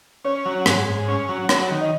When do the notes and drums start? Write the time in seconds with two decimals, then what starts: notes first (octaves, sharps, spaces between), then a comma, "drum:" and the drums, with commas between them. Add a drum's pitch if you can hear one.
0.25 C#4 C#5
0.46 F#3
0.66 G#2, drum: rim click
0.87 G#2
1.08 C#4
1.29 F#3
1.49 F#3 C#5, drum: rim click
1.70 D#3
1.81 D#5